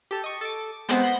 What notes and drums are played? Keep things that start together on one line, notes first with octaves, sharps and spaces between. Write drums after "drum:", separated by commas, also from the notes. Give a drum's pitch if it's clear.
G4 A4
D#5 C#6
A4 D6
G#3 B3 C4 C5, drum: hi-hat
B5 C6 A#6